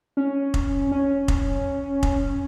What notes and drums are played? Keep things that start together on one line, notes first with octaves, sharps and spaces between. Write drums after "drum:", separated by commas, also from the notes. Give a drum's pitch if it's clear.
C#4
drum: kick F1
C#4
drum: kick F1
drum: kick F1